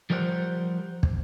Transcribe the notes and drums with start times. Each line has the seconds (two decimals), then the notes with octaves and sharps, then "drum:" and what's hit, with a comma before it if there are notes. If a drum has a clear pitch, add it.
0.10 F3 G3 A#4 C5 D5 F#5
1.03 drum: kick